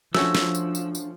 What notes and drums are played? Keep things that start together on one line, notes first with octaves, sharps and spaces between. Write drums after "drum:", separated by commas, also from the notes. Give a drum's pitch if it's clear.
F3 A3 C#4 D4 F#4 E6, drum: snare
drum: snare
drum: tambourine
drum: tambourine
drum: tambourine